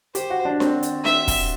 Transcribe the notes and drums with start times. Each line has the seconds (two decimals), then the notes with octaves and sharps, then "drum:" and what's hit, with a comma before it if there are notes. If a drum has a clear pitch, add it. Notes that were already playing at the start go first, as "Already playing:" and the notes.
0.15 G4 C5, drum: hi-hat
0.30 F#4
0.45 D4
0.60 C4, drum: snare D4
0.83 drum: hi-hat
1.05 E5, drum: snare D4
1.28 drum: kick, open hi-hat